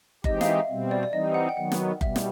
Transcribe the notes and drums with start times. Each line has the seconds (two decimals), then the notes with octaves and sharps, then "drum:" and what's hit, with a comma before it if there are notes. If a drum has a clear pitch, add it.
0.24 E3 G#3 C4 D#4 G4 D#5, drum: kick F#1
0.41 F5, drum: snare
0.46 E5
0.69 B2 G3 C4
0.91 D5
1.03 D5
1.12 E3 G3 C4 D#4 D#5
1.34 F#5
1.49 G5
1.57 D#3 F#3 B3 F#5
1.72 drum: snare
2.01 B2 G3 E5, drum: kick F#1
2.16 drum: snare